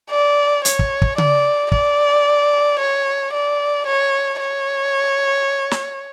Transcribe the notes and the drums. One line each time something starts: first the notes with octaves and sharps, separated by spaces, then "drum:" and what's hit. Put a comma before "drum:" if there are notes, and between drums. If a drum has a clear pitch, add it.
D5
C#5, drum: hi-hat
drum: kick
drum: kick
D5, drum: tom C#3
D5, drum: kick
C#5
D5
C#5
C#5
drum: snare